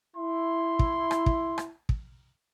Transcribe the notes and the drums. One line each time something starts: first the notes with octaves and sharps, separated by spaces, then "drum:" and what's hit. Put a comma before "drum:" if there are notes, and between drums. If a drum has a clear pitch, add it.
E4 C6
drum: kick
drum: rim click
drum: kick
drum: rim click
drum: kick